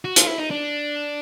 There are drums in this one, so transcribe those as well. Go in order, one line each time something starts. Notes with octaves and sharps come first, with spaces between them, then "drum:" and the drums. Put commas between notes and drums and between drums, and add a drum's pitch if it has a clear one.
F#4
F4, drum: hi-hat
E4
D#4
D4